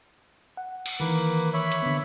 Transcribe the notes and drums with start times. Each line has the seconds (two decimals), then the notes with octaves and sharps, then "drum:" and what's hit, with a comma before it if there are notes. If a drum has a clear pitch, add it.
0.57 F#5
0.86 drum: cymbal
1.00 D#3 E3 A#3 B4
1.53 C#5 E5 B5
1.72 drum: hi-hat
1.82 D3 B3